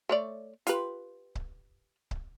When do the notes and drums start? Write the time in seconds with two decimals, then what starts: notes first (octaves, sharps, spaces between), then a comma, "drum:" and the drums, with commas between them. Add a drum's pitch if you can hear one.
0.09 A3 C#5 D5
0.67 F4 G4 B4, drum: hi-hat
1.35 drum: kick C#1
2.11 drum: kick C#1